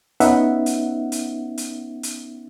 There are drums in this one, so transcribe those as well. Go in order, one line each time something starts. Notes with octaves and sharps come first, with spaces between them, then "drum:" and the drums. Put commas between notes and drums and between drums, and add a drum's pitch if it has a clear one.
B3 C#4 D#4 E5 F#5, drum: hi-hat
drum: hi-hat
drum: hi-hat
drum: hi-hat
drum: hi-hat